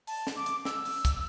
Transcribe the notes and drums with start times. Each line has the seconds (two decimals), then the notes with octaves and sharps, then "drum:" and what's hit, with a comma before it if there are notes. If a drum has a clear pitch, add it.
0.07 A5, drum: open hi-hat
0.27 drum: snare
0.36 D6
0.46 drum: hi-hat
0.65 E6, drum: snare
0.85 drum: open hi-hat
1.05 drum: kick, hi-hat